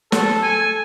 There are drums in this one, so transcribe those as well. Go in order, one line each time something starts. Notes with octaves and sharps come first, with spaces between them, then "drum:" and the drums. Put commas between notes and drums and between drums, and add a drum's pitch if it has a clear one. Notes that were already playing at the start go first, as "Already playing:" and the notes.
A4, drum: snare
G#5